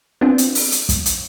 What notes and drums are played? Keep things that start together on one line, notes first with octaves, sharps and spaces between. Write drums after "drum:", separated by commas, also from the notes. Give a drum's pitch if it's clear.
B3 C4 D4 F4
drum: hi-hat
drum: open hi-hat
drum: hi-hat
drum: kick, hi-hat
drum: hi-hat